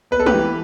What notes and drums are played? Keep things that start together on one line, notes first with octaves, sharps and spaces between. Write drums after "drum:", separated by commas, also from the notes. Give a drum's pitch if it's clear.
B3 B4
A4
G4 B4, drum: tom
E3